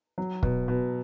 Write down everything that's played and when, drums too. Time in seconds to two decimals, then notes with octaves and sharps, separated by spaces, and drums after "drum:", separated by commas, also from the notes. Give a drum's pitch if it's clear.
0.18 F#3
0.43 B2, drum: kick
0.68 B2